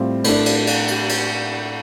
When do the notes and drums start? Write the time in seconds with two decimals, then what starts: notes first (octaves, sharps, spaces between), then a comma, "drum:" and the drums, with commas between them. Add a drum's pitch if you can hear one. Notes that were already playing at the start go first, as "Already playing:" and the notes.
Already playing: A2 G3 C4 F4
0.24 A2 A3 D4, drum: cymbal
0.46 drum: cymbal
0.67 drum: cymbal
0.88 drum: cymbal
1.09 drum: cymbal